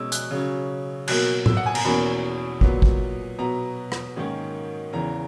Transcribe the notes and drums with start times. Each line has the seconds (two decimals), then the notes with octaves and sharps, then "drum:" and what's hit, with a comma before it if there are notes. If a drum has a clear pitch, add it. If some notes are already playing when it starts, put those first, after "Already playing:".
Already playing: B2 G#3 C#4 E6
0.12 F#6, drum: hi-hat
0.31 C#3 F#3 C#4
1.08 B2 F#3 A#3 F#6, drum: cymbal
1.46 E6, drum: tom A2
1.57 F#5
1.66 G#5
1.75 A#5, drum: cymbal
1.85 E2 B2 A#3 C#4 B5
2.61 A#2 F#3 B3, drum: kick
2.82 drum: kick
3.38 B2 F#3 B3 A#5
3.92 drum: rim click
4.16 G#2 D#3 A#3 C#4
4.93 E2 C#3 E3 A#5